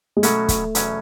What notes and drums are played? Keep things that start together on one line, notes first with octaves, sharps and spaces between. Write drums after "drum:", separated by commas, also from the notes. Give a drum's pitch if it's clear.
G#3
B2 F#3 A3 C#4 F#4, drum: hi-hat
drum: kick, hi-hat
E2 B2 F#3 C#4, drum: hi-hat